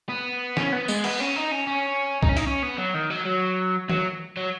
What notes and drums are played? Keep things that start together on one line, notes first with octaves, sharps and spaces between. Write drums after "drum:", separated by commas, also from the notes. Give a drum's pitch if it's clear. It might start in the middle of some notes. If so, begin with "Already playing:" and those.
B3
C#4, drum: snare
B3
G#3, drum: tambourine
B3, drum: cymbal
C#4
D#4
C#4
C#4
D#4, drum: kick
C#4
D#4, drum: hi-hat
C#4
B3
F#3
D#3
F#3
F#3
F#3, drum: tom D#3
F#3